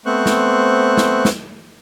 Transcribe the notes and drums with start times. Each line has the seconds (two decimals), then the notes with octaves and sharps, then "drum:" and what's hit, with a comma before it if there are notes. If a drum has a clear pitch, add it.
0.06 A3 B3 C4 C5 C#6 F#6
0.26 drum: snare
0.97 drum: snare
1.25 drum: snare